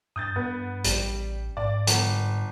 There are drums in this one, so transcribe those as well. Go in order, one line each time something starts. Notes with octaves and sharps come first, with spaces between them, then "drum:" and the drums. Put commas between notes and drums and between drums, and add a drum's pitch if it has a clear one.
G2 D#6 G6 A6
G2 B3
A1 G3, drum: hi-hat
G#2 D5
G1, drum: hi-hat